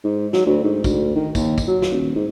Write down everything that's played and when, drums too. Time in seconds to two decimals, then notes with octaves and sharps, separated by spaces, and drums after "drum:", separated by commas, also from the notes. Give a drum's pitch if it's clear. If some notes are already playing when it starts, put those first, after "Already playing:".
0.04 G#2
0.33 F#3, drum: snare
0.46 D2
0.63 G#2
0.84 D2, drum: kick, tambourine
1.15 D#3
1.35 D#2, drum: kick, tambourine
1.58 drum: kick, tambourine
1.67 F#3
1.82 drum: snare
1.92 D#1
2.15 G#2